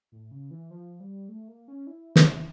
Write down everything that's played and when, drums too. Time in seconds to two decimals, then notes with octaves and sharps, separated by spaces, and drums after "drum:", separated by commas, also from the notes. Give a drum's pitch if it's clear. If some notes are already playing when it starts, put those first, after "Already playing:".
0.12 A2
0.31 C#3
0.51 E3
0.71 F3
1.00 G3
1.29 A3
1.48 A#3
1.68 C#4
1.87 E4
2.16 E4, drum: snare